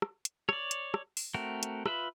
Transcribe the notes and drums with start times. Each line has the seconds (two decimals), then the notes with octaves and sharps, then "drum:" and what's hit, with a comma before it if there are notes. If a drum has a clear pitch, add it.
0.02 drum: rim click
0.25 drum: hi-hat
0.49 C#5 D5, drum: rim click
0.71 drum: hi-hat
0.94 drum: rim click
1.17 drum: open hi-hat
1.34 A3 C4 F#4 A#4
1.63 drum: hi-hat
1.86 F4 B4 E5 B5, drum: rim click